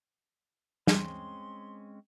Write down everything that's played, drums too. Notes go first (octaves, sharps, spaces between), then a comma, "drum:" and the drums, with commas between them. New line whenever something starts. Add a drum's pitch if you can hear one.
G#3 C4 C#4 C6, drum: snare